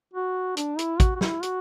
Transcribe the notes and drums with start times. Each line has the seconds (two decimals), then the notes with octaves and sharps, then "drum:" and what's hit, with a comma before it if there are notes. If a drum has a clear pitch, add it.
0.14 F#4
0.57 D4, drum: hi-hat
0.79 E4, drum: hi-hat
1.00 F#4, drum: kick, hi-hat
1.16 F#4
1.21 E4, drum: snare
1.43 F#4, drum: hi-hat